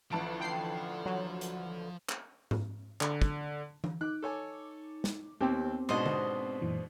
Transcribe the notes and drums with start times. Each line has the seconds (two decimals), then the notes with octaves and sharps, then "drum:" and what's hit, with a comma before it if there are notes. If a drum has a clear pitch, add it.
0.11 A1 D3 F3 A5 D7
0.40 G5 C7
1.06 F#3
1.41 drum: hi-hat
2.09 drum: clap
2.51 drum: tom G#2
3.01 D3, drum: clap
3.22 drum: kick
3.84 drum: tom E3
4.01 D#4 D6 F#6
4.22 A4 C#5 G#5
5.04 drum: snare
5.41 D#2 B3 C4 G4
5.89 G#2 B2 D4 C5 D#5
6.06 drum: tom D3
6.62 F#2 A#2 E3